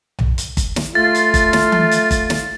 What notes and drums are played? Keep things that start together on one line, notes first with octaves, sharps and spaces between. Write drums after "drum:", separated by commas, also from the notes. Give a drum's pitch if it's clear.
drum: tom B1
drum: hi-hat
drum: kick G1, hi-hat
drum: snare
A3 F4 A6
drum: hi-hat
drum: kick G1, hi-hat
drum: snare
drum: tom E3
drum: hi-hat
drum: kick G1, hi-hat
drum: snare